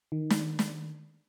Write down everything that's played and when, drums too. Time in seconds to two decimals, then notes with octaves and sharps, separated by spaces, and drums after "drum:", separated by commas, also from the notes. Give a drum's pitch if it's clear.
0.12 D#3
0.30 drum: snare
0.59 drum: snare